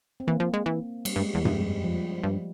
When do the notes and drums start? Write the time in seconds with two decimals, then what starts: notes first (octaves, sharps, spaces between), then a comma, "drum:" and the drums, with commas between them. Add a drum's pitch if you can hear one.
0.20 C4
0.27 E3 A#3
0.40 F3
0.54 G#3
0.66 E3
1.05 G3, drum: cymbal
1.16 G2
1.20 G#3
1.34 E2 G3
1.45 F2 G#3, drum: tom G2
1.61 G3
1.84 F3
2.24 G2